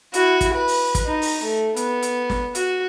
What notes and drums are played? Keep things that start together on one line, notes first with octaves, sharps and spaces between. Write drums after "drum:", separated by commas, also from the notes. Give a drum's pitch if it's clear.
E4 F#4, drum: hi-hat
drum: kick, hi-hat
B4
drum: open hi-hat
drum: kick, hi-hat
D#4
drum: open hi-hat
A3
B3, drum: hi-hat
drum: hi-hat
drum: snare
F#4, drum: hi-hat